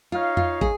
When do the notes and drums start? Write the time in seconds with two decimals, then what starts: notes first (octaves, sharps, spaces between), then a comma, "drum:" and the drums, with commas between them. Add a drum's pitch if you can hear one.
0.12 D#4 F4 C#5 F5
0.37 F4, drum: tom E2
0.61 G#4, drum: kick